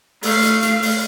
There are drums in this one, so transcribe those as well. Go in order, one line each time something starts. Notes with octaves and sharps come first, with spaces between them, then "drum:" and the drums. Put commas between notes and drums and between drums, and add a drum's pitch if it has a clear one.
A3 F5, drum: open hi-hat
drum: hi-hat
drum: hi-hat
drum: open hi-hat